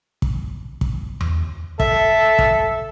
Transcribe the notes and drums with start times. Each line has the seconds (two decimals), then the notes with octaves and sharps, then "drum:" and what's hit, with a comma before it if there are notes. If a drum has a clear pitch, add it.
0.22 drum: kick
0.81 drum: kick
1.21 drum: tom E2
1.80 A4 E5, drum: kick
2.39 drum: kick